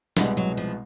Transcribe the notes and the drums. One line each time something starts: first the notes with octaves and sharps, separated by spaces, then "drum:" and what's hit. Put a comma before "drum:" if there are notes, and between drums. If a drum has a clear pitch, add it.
C2 B2 G3 G#3 B3 E4, drum: snare
F#3
F3, drum: tambourine